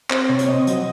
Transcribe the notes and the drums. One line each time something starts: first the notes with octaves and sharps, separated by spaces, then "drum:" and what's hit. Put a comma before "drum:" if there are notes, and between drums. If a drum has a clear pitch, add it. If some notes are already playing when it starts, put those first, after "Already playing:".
C4 C5, drum: clap
C3 C#5
drum: hi-hat
C4 D#5
F#3, drum: hi-hat